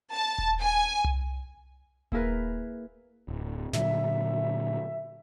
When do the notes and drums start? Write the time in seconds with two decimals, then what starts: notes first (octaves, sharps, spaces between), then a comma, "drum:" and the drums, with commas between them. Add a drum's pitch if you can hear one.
0.14 A5
0.38 drum: kick D#1
0.61 G#5
1.04 drum: tom C2
2.12 A#3 E4 G#4 A#4 B4, drum: kick D#1
3.28 D1
3.73 A#2 D3 F#3 E5, drum: snare